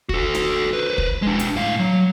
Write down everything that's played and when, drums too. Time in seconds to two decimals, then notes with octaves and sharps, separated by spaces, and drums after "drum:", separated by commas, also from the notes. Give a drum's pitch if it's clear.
0.09 F#4 A4, drum: kick
0.35 drum: snare
0.73 B4 C5
0.98 drum: kick
1.22 G#3 D4
1.39 drum: hi-hat
1.56 A2 F5
1.79 F#3